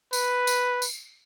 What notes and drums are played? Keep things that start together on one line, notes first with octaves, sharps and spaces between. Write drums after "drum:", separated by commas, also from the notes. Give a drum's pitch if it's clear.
B4, drum: tambourine
drum: tambourine
drum: tambourine